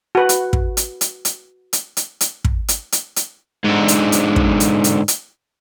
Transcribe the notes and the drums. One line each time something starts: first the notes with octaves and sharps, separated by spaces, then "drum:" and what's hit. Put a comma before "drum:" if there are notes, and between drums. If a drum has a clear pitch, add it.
F#4 B4
drum: hi-hat
drum: kick
drum: hi-hat
drum: hi-hat
drum: hi-hat
drum: hi-hat
drum: hi-hat
drum: hi-hat
drum: kick
drum: hi-hat
drum: hi-hat
drum: hi-hat
G#2 D3
drum: hi-hat
drum: hi-hat
drum: kick
drum: hi-hat
drum: hi-hat
drum: hi-hat